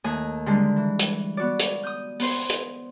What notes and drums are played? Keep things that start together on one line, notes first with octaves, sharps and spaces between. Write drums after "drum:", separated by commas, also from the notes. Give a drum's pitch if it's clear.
D#2 A3 D#5 G#5
D3 D#3 G3 G#3
E3
drum: hi-hat
B3 F#4 D5
drum: hi-hat
D#6 G6
B3 C5, drum: open hi-hat
drum: hi-hat